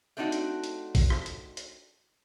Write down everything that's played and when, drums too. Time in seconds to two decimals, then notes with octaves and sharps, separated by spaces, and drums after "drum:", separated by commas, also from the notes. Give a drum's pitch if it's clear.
0.17 A3 C4 D4 D#4 F#4
0.32 drum: hi-hat
0.64 drum: hi-hat
0.95 drum: kick A1, open hi-hat
1.10 drum: rim click
1.26 drum: hi-hat
1.57 drum: hi-hat